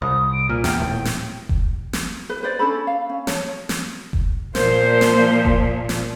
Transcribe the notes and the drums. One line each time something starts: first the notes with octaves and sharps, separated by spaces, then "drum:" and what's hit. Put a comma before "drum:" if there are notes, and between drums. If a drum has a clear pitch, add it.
C2 D#6
D7
A#2 F6
E2 G5, drum: snare
D#1 A2
drum: snare
drum: kick F1
drum: snare
B4
B4 C5 D5
C#4 D4 A4 B5
F5
C#4
C#5 A5, drum: snare
drum: snare
drum: kick F1
A#2 F3 A#4 C5, drum: snare
drum: snare
drum: kick F1
drum: snare